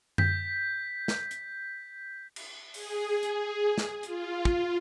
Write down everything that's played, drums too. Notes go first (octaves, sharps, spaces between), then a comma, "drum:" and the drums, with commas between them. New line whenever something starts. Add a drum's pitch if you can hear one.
G6 B6, drum: tom F#2
drum: snare
drum: hi-hat
drum: cymbal
G#4, drum: open hi-hat
drum: hi-hat
drum: snare
F4, drum: hi-hat
drum: kick